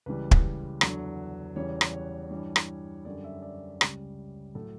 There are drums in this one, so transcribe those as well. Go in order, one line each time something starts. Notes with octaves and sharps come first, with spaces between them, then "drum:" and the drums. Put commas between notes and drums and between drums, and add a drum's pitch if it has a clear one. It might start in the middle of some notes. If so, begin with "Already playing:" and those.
C#2 C#3 E3 G3 B4
drum: kick
E2 D3 F#3, drum: rim click
E2 C#3 E3 G3 C#5
drum: rim click
C#5
G2 E3 G3
drum: rim click
F#2 D3 G3 D5
E5
D5
C#2 C#3 G3, drum: rim click
A2 F#3 A4